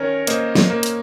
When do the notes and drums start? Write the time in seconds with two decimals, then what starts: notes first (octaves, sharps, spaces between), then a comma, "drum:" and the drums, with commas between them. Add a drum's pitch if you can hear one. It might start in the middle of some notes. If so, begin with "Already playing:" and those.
Already playing: D#3 C#4 A#4 C#5
0.27 A#3 C5 D#5, drum: hi-hat
0.55 drum: snare
0.70 A#3
0.83 drum: hi-hat